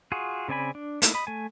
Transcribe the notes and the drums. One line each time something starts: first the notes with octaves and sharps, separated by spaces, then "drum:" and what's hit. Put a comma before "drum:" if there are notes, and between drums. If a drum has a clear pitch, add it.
F4 F#4 G#4
C#3 C4 D5 G#5 B5
D4
A3 A#3 D#4 E4, drum: hi-hat
D#5 B5
A3 G#5